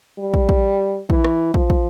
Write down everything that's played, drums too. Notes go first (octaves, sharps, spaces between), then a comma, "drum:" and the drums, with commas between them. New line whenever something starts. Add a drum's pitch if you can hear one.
G3
drum: kick
drum: kick
E3, drum: kick
drum: rim click
F3, drum: kick
drum: kick